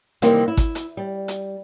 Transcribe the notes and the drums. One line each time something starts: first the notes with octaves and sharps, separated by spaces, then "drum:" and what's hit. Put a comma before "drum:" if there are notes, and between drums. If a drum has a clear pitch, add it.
C3 D#3 E3 G3 A#3 C4, drum: hi-hat
E4
drum: kick G#1, hi-hat
drum: hi-hat
G3
drum: hi-hat